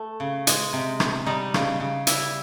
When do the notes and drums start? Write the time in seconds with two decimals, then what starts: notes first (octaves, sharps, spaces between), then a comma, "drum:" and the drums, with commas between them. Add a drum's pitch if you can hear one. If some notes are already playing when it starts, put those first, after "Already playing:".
Already playing: A3
0.20 C#3
0.47 G#3, drum: hi-hat
0.73 C3
1.00 C3, drum: rim click
1.26 G3 D#4
1.54 C#3, drum: rim click
1.80 C#3
2.07 G3 E4, drum: hi-hat